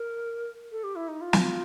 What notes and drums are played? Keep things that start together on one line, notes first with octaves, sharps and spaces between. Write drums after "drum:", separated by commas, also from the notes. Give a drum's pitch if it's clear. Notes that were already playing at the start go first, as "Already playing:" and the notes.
Already playing: A#4
A4
G4
E4
D#4
F4
drum: snare